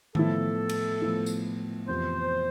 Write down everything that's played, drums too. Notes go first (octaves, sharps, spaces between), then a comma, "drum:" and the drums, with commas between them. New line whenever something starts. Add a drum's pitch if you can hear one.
A2 F3 B3 E4 A4, drum: tom D#3
drum: cymbal
A2 F3 B3 E4
drum: tambourine
F2 C3 E3 B3 F4 C5